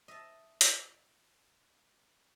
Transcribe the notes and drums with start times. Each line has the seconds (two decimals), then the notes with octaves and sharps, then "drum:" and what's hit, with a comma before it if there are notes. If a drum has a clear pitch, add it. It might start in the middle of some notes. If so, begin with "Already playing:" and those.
0.08 D#5 E5 A5
0.61 drum: hi-hat